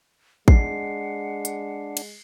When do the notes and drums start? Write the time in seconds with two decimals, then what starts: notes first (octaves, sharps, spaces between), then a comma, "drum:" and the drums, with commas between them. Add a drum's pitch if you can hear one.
0.48 G#3 D4 F#5 C7, drum: kick
1.45 drum: hi-hat
1.97 drum: cymbal